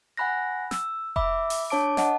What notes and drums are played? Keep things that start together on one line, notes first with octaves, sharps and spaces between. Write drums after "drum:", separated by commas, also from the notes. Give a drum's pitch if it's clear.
F#5 G#5 B5 F#6 A#6
E6, drum: snare
E5 B5 D6 E6, drum: kick F1
drum: open hi-hat
D4 C#5 A5 D6 D7
D#5 F#5 A5, drum: snare